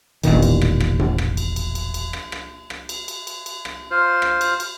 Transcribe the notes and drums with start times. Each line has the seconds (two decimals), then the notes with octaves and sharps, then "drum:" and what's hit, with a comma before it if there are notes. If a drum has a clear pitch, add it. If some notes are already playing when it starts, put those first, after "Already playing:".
0.23 E1 A1 A#2 D#3, drum: cymbal
0.42 drum: cymbal
0.61 drum: rim click
0.80 drum: rim click
0.99 drum: tom A2
1.18 drum: rim click
1.37 drum: cymbal
1.56 drum: cymbal
1.75 drum: cymbal
1.94 drum: cymbal
2.13 drum: rim click
2.32 drum: rim click
2.70 drum: rim click
2.89 drum: cymbal
3.08 drum: cymbal
3.27 drum: cymbal
3.46 drum: cymbal
3.65 drum: rim click
3.91 F4 C5
4.22 drum: rim click
4.41 drum: cymbal
4.60 drum: cymbal